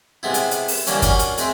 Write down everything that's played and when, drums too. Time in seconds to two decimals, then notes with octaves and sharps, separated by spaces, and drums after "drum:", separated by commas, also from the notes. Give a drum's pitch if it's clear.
0.23 C3 G#3 B3 E4
0.34 drum: hi-hat
0.51 drum: hi-hat
0.68 drum: open hi-hat
0.87 D3 E3 G3 A3 A#3 C#4, drum: hi-hat
1.02 C#4 D4 F#4 A#4, drum: kick, hi-hat
1.19 drum: hi-hat
1.37 G#3 C4 E5 C6, drum: hi-hat